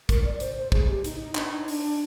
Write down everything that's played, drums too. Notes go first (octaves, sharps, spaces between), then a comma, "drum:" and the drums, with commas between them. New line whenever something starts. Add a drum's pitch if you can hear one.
A#4, drum: kick, hi-hat
D5
C5, drum: hi-hat
C5
G#4, drum: kick
G4
D#4, drum: hi-hat
D#4
D4, drum: clap
D#4
D4, drum: open hi-hat